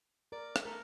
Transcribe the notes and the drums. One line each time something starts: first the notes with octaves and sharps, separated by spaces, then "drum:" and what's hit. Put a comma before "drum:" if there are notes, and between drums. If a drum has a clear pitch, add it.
A#4 D5
drum: rim click
A3 A#4